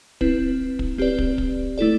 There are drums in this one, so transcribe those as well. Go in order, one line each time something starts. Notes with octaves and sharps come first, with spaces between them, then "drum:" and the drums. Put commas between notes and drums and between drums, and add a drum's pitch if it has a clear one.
C4 E4 B4, drum: kick
drum: kick
C4 G4 B4 D5
drum: kick
drum: kick
A3 E4 A4 D5